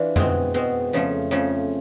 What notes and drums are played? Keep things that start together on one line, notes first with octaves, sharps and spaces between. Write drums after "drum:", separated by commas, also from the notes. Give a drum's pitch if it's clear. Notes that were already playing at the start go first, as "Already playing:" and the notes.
Already playing: E3 D4 F4
B2 G#3 C4, drum: tom F2
B2 G#3 C4
F2 C#3 F3 A3
F2 C#3 F3 A3